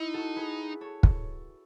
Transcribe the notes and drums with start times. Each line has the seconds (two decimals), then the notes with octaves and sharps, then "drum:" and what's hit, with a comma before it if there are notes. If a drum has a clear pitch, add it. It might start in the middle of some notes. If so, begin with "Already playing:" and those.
Already playing: D#4 E4
0.14 F#4 A4
0.36 G#4 B4
0.81 A4 C#5
1.03 drum: kick